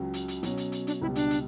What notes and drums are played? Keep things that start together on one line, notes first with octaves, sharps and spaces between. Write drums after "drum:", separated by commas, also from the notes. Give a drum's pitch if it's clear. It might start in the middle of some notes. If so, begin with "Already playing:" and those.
Already playing: C#2 C#3 F#3
drum: hi-hat
drum: hi-hat
B2 F#3 C#4, drum: hi-hat
drum: hi-hat
drum: hi-hat
D4, drum: hi-hat
C#2 B2 G3 E4
D4, drum: hi-hat
drum: hi-hat